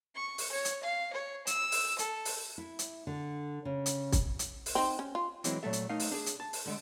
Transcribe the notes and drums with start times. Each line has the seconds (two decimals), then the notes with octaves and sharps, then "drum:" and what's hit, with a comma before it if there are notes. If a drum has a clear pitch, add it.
0.15 C#6
0.38 drum: open hi-hat
0.52 C#5
0.65 drum: hi-hat
0.83 F5
1.13 C#5
1.47 E6, drum: hi-hat
1.72 drum: open hi-hat
1.99 A4, drum: hi-hat
2.25 drum: open hi-hat
2.58 E4
2.79 drum: hi-hat
3.07 D3
3.65 C#3
3.86 drum: hi-hat
4.12 drum: kick, hi-hat
4.39 drum: hi-hat
4.66 drum: open hi-hat
4.75 C4 D#4
4.99 C#4
5.15 F4
5.44 E3 F#3 G#3 C4 E4, drum: hi-hat
5.63 A#2 F#3 A3 A4 E5
5.73 drum: hi-hat
5.89 A3 D#4 A#4 D#5 F5
6.00 drum: open hi-hat
6.12 D4 G#4
6.26 drum: hi-hat
6.40 A5
6.53 drum: open hi-hat
6.66 C2 D3 G#3